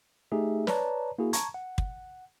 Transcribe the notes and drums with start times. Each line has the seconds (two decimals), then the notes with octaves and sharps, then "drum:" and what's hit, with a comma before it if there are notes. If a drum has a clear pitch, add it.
0.32 A3 D#4 G4 G#4 E5
0.67 B4 C#5 D5 A5 A#5, drum: snare
1.19 A#3 E4 F#4 G#4
1.33 A5 A#5 C#6 G#6, drum: hi-hat
1.54 F#5
1.78 drum: kick